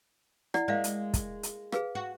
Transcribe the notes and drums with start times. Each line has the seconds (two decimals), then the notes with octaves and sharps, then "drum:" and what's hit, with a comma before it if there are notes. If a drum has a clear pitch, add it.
0.54 E4 D5 F#5, drum: rim click
0.68 G#3 A#3 D5 E5 F5
0.84 drum: hi-hat
1.14 drum: kick, hi-hat
1.43 drum: hi-hat
1.72 G#4 B4 F5, drum: rim click
1.95 F#4